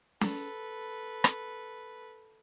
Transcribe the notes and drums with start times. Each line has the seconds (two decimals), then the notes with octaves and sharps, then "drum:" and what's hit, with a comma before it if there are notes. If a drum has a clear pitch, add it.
0.21 A4 B4, drum: snare
1.24 drum: rim click